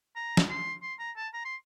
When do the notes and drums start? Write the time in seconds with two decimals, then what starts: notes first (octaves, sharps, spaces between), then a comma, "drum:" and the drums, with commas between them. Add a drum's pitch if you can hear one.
0.16 A#5
0.37 drum: snare
0.50 C6
0.82 C6
0.99 A#5
1.16 A5
1.34 A#5
1.45 C6